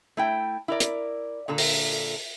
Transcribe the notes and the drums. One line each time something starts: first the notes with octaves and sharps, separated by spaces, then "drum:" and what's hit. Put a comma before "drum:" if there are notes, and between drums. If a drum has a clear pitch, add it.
A3 E4 G5
E4 A#4 D5
drum: hi-hat
A#2 D3 A4
drum: open hi-hat